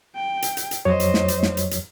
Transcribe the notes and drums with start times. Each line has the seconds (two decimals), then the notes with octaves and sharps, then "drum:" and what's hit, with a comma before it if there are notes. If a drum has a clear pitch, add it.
0.15 G5
0.42 drum: hi-hat
0.57 drum: hi-hat
0.71 drum: hi-hat
0.85 F2 F#3 C5 C#5 D#5
1.00 drum: hi-hat
1.14 drum: snare
1.28 drum: hi-hat
1.43 drum: snare
1.57 drum: hi-hat
1.71 drum: hi-hat